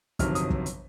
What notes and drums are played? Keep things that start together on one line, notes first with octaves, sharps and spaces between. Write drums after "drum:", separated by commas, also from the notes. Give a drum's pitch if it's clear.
G1 F2 C3 D#3 F#3 F6, drum: kick, hi-hat
D#6, drum: hi-hat
drum: kick
drum: hi-hat